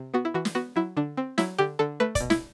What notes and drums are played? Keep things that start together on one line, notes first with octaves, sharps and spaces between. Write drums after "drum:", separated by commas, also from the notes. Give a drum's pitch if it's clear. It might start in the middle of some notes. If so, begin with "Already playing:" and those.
Already playing: C3
B3 F#4
E4
E3 F#4
drum: snare
B3 F#4
F#3 E4
D3 D4
C4
F#3 E4, drum: snare
D3 G4
D3 A4
A3 B4
D5, drum: kick, hi-hat
B2
E4, drum: snare